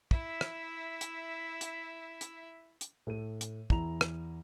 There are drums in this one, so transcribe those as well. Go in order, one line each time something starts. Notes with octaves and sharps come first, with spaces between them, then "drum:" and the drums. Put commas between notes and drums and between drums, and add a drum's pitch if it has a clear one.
E4 E5, drum: kick
drum: rim click
drum: hi-hat
drum: hi-hat
drum: hi-hat
drum: hi-hat
A2 A4 D#7
drum: hi-hat
E2 E4 A#5 F7, drum: kick
drum: rim click